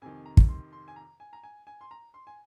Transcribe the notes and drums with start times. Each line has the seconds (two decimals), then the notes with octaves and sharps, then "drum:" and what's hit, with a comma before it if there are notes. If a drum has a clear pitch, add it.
0.02 F2 C3 D#3 G#5
0.26 A#5
0.37 drum: kick
0.49 C6
0.73 C6
0.88 G#5
0.96 A#5
1.20 G#5
1.33 A#5
1.43 G#5
1.67 G#5
1.81 C6
1.91 A#5
2.14 C6
2.27 G#5